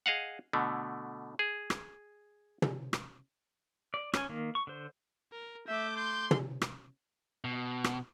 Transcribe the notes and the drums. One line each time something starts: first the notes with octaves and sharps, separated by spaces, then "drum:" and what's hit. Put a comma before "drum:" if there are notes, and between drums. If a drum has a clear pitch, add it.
G#4 D#5 F5 F#5
B2 D3 A3
G#4
drum: rim click
drum: tom
drum: rim click
D5
C#4 G#5, drum: rim click
D#3 A#3
C#6
D3 C5
A#4
A3 E5 D6 G6
C6 G6
drum: tom
drum: rim click
B2
drum: rim click